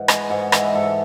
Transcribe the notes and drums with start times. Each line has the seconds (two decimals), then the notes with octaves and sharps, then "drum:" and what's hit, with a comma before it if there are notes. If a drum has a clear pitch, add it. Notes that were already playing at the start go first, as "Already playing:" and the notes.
Already playing: G#2 E3 F#5
0.08 G#3 G#5, drum: rim click
0.30 G#2 F#5
0.52 E3 E5, drum: rim click
0.74 G#2 A4